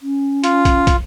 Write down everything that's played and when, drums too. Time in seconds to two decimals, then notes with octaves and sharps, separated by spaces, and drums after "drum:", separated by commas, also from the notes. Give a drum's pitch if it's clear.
0.01 C#4
0.44 F4, drum: hi-hat
0.65 drum: kick, hi-hat
0.87 drum: kick, hi-hat